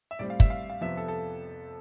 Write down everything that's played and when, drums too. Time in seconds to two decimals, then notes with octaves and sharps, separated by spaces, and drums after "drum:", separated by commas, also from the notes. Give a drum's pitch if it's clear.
0.11 E5
0.19 A2 G3 C4 D5
0.30 F5
0.40 E5, drum: kick
0.50 F5
0.70 F5
0.81 F2 C3 F3 B3 E5
0.97 A4
1.08 A4